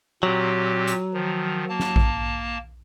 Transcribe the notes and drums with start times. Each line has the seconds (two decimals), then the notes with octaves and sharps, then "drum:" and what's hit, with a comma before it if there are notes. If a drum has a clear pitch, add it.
0.23 A#2 F#3 C4 G4
0.87 drum: hi-hat
1.14 D#3 F3
1.69 A#3 A5
1.80 drum: snare
1.96 drum: kick A1